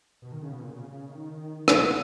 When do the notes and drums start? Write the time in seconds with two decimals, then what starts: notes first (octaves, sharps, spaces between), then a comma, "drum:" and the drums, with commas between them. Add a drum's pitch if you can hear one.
0.22 B2
0.32 D#3
0.42 C#3
0.51 B2
0.61 A#2
0.71 C#3
1.09 D#3
1.68 B2, drum: rim click
1.82 B2